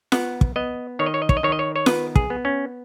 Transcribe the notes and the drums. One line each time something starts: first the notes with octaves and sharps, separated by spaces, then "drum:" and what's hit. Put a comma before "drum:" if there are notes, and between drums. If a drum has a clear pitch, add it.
B3 F#5, drum: snare F4
drum: kick
B3 D#5
D#3 C#5
D#5
C#5
D#5
C#5, drum: kick
D#5
D#3 C#5
D#5
C#5
C#5
B3 B4, drum: snare F4
G#4, drum: kick
B3
C#4